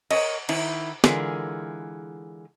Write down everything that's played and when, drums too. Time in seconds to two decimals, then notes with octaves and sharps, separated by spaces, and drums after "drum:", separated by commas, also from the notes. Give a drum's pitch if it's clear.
0.11 A#4 C#5 D#5, drum: cymbal
0.49 D#3 E4, drum: cymbal
1.04 D3 E3 G#3 F4 G#4 A#4, drum: snare